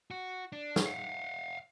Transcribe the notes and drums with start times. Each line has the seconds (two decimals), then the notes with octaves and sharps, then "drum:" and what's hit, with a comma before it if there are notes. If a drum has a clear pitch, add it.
0.11 F#4
0.52 D4
0.76 drum: snare
0.86 F5 F#5